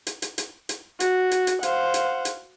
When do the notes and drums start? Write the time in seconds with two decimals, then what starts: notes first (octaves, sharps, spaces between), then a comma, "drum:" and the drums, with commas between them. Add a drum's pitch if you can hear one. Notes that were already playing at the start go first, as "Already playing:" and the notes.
0.07 drum: hi-hat
0.22 drum: hi-hat
0.38 drum: hi-hat
0.69 drum: hi-hat
1.00 F#4, drum: hi-hat
1.31 drum: hi-hat
1.47 drum: hi-hat
1.63 C5 F5 F#5, drum: hi-hat
1.94 drum: hi-hat
2.25 drum: hi-hat